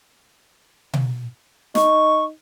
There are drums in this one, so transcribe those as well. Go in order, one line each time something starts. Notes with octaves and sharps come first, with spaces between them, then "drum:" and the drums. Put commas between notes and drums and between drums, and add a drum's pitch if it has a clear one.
drum: tom B2
D#4 C#6, drum: snare